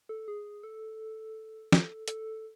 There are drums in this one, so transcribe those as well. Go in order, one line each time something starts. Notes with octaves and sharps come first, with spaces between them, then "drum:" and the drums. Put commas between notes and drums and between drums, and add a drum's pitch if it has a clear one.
A4
G#4
A4
A4, drum: snare
A4, drum: hi-hat